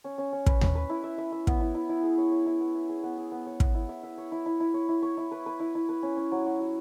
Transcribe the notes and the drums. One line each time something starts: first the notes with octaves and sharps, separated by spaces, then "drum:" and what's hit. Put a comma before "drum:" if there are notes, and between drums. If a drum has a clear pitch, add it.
C#4
C#4
C#4
B4, drum: kick
B4, drum: tom D#2
B4
E4
E5
E5
E5
B3, drum: kick
E4
E4
E4
G#4
C#5
C#5
E4
B3
E5
G#4
B3
G#4
B3
C#5
B3, drum: kick
E4
E5
E5
C#5
E4
E4
E4
C#5
E4
C#5
E4
B4
B4
E4
E4
B4
C#4
C#4
F#3
F#4
F#4